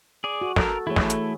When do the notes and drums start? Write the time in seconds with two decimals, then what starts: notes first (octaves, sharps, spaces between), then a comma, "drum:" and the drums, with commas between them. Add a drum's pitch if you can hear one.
0.24 G#4 D5
0.41 F#4
0.56 A4 A#4, drum: snare
0.87 E3 A3 E4 G#4 C#5
0.96 drum: snare
1.10 drum: hi-hat